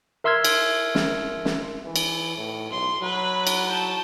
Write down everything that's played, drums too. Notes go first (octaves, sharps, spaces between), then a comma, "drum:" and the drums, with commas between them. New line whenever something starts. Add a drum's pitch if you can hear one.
A#4 E5 C6 E6 F6 G#6
drum: cymbal
drum: snare
drum: snare
E3
drum: cymbal
A2
B1 C6
F#3 B4 B5
drum: cymbal
A5 G6